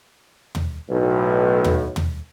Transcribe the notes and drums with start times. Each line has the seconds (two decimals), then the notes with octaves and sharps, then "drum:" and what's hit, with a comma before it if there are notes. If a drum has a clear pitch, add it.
0.55 drum: tom
0.89 B1 A2
1.64 drum: tom
1.96 drum: tom